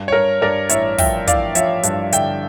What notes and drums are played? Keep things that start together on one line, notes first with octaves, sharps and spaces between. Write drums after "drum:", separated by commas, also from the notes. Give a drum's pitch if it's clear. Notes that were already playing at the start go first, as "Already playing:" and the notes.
Already playing: G2
C#5
G2 A#4
G2 A#4 D5
A1 C#5 E5, drum: hi-hat
F3 E5 G5, drum: kick, open hi-hat
A1 D5 F5, drum: kick, hi-hat
F3 C#5 E5, drum: hi-hat
G2, drum: hi-hat
D3 E5 G5, drum: hi-hat